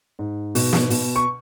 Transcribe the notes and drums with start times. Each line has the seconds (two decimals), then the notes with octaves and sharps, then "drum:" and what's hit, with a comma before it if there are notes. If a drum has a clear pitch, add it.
0.19 G#2
0.55 B2, drum: open hi-hat
0.73 drum: snare
0.90 B2, drum: open hi-hat
1.16 C#6